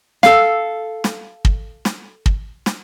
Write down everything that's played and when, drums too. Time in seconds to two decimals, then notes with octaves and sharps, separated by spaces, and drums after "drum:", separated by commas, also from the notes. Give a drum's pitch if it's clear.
0.23 A4 F5, drum: snare
1.04 drum: snare
1.45 drum: kick
1.85 drum: snare
2.26 drum: kick
2.66 drum: snare